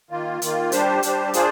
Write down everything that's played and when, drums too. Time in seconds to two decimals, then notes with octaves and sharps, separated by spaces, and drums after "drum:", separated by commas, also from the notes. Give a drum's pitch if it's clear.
0.10 D#3 A#3 F4
0.42 D#3 A#3 F4, drum: hi-hat
0.72 G3 D4 G4 C5, drum: hi-hat
1.03 G3 D4 G4 C5, drum: hi-hat
1.34 A#3 D4 F4 G#4 C5, drum: hi-hat